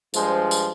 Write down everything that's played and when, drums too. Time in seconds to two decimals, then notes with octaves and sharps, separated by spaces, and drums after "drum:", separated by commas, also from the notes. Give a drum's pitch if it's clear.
0.14 G2 F3 G#3 C5, drum: tambourine
0.51 drum: tambourine